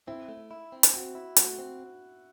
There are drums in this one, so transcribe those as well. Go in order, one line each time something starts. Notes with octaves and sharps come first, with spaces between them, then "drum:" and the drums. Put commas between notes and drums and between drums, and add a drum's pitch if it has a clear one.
C4 E4
A3
E4
C4
drum: hi-hat
C4 F#4
E4
A3 F#4, drum: hi-hat
C4